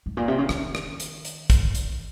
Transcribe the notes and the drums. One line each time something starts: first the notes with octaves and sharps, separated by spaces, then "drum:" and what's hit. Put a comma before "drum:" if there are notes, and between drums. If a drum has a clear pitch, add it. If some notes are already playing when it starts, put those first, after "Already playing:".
G#2
A#2
C3
C#3
D#3, drum: rim click
drum: rim click
drum: hi-hat
drum: hi-hat
drum: kick, hi-hat
drum: hi-hat